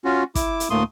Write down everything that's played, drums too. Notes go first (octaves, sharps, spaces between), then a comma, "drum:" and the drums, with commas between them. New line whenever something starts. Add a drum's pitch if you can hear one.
C#4 F4 F#4
E4 D6, drum: kick, hi-hat
drum: hi-hat
D2 A2 A3 A#3 C6 D#6